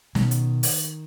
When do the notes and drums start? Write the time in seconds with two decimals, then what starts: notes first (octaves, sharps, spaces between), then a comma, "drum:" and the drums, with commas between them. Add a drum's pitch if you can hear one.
0.15 B2 D#3, drum: snare
0.31 drum: hi-hat
0.63 drum: open hi-hat